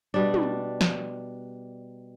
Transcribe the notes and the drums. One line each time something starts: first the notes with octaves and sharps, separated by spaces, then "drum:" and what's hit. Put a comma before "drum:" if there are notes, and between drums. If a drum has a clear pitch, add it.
B2 G3 D4
drum: tom
drum: snare